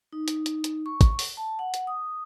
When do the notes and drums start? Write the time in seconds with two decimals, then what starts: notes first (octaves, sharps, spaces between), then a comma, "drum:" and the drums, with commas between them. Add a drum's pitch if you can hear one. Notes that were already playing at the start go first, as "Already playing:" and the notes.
0.12 D#4
0.28 drum: hi-hat
0.46 drum: hi-hat
0.64 drum: hi-hat
0.86 C#6
1.01 drum: kick, hi-hat
1.19 drum: open hi-hat
1.37 A5
1.59 F#5
1.74 drum: hi-hat
1.87 D#6